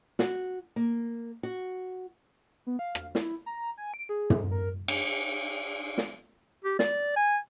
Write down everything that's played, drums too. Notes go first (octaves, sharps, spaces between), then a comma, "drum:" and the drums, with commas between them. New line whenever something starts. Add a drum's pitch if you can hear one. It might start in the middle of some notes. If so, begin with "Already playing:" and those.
F#4, drum: snare
A#3
F#4
B3
F5
drum: rim click
E4, drum: snare
A#5
G#5
D7
G#4
drum: tom
A#4
drum: cymbal
drum: snare
G4
D5, drum: snare
G#5